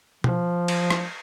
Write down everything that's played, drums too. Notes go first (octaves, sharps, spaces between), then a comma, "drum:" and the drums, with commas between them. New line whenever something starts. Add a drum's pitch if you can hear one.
F3, drum: tom
drum: cymbal
drum: rim click